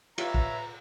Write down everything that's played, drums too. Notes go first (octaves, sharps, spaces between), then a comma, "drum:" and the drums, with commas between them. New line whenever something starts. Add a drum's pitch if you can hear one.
F4 G4 B4 C#5 E5 A#5, drum: cymbal
drum: kick